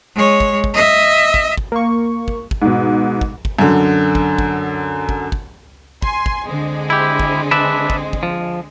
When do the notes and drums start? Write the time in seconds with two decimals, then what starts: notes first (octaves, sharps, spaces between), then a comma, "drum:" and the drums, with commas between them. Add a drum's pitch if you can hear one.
0.16 G#3 C#5
0.40 drum: kick
0.64 drum: kick
0.74 D#5 E5
1.34 drum: kick
1.57 drum: kick
1.72 A#3 C#6
2.28 drum: kick
2.51 drum: kick
2.62 G#2 B2
3.21 drum: kick
3.45 drum: kick
3.59 F#2 D3
4.15 drum: kick
4.39 drum: kick
5.09 drum: kick
5.32 drum: kick
6.02 G#5 C6, drum: kick
6.26 drum: kick
6.46 D3 G#3 C4
6.90 E4 G4
7.20 drum: kick
7.51 D4 B4 E5
7.90 drum: kick
8.13 drum: kick
8.23 F3